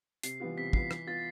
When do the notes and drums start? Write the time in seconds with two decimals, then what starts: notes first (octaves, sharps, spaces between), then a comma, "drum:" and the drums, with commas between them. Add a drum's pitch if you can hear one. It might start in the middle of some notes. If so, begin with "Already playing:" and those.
0.23 C3 C7, drum: hi-hat
0.40 E3 G3 B3 F4
0.57 C3 B6
0.73 E3 G3 B3 F4 C7, drum: kick
0.91 E3 B6, drum: rim click
1.07 B3 F4 A6